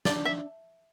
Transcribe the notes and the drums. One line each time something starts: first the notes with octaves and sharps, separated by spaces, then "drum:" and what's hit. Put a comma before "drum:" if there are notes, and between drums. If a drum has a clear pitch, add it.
D4 D5, drum: snare
E5